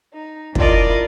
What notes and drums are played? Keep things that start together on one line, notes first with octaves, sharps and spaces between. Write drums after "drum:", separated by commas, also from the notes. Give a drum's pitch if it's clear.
D#4
D4 E4 F4 A#4 D5 D#5, drum: kick